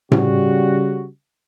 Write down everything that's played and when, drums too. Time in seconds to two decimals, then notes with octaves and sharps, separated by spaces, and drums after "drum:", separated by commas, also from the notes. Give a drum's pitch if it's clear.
0.12 C#3 G3 F#4, drum: tom A2